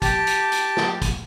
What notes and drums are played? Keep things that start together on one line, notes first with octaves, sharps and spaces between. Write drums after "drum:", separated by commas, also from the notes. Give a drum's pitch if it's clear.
G4 A5, drum: kick, hi-hat
drum: hi-hat
drum: hi-hat
drum: snare
drum: kick, hi-hat